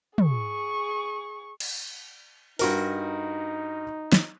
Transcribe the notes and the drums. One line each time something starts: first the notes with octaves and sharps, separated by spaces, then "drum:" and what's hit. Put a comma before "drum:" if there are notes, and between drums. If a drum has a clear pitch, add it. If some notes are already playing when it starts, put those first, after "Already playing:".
G#4 C#6, drum: tom
drum: cymbal
G2 D#4 F#4 A#4, drum: open hi-hat
drum: snare